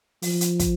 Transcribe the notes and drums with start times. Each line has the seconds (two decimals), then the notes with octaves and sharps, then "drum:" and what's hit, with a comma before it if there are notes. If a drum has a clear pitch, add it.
0.22 F3, drum: open hi-hat
0.41 drum: hi-hat
0.59 drum: kick, hi-hat